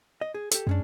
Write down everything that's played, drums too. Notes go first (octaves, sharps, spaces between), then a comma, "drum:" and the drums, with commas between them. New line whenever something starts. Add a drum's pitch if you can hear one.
D#5
G#4
G4 A4, drum: hi-hat
F#2 G#3 C#4 D4